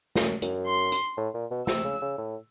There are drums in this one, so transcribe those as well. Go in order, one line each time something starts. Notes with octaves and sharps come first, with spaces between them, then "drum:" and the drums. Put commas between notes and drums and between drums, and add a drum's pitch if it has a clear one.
F#2, drum: snare
F#2, drum: hi-hat
C6
drum: hi-hat
A2
A#2
B2
C3 E6, drum: snare
C#3
C#3
A2